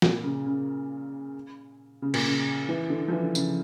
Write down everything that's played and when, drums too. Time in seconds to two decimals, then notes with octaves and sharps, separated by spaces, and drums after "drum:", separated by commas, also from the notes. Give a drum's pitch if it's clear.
0.02 A#2, drum: snare
0.24 C#3
0.46 C#3
2.02 C#3
2.14 A#2, drum: cymbal
2.27 C#3
2.69 E3
2.90 D3
3.08 F3
3.12 E3
3.23 D3
3.35 C#3, drum: tambourine